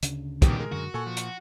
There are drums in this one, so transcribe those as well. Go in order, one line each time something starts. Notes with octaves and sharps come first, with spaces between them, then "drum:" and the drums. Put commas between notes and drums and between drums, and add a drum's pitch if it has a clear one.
D2 C#3 D4, drum: hi-hat
E2 B2 D#3 G3 G4, drum: kick, hi-hat
G#3 A#4
F#2 D3 F#4
A#2 A4 G#5 C#6
F3
drum: hi-hat